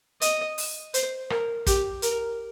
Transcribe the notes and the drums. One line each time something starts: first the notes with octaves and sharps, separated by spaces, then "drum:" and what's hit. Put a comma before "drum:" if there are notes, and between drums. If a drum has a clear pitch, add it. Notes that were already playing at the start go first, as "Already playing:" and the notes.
D#5, drum: hi-hat
drum: open hi-hat
C5, drum: hi-hat
A#4, drum: rim click
G4, drum: kick, hi-hat
A#4, drum: hi-hat